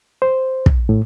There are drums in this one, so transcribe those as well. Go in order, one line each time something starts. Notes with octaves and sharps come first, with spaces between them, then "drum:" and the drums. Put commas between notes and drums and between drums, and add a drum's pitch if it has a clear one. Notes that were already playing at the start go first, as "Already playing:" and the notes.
C5
drum: kick
A2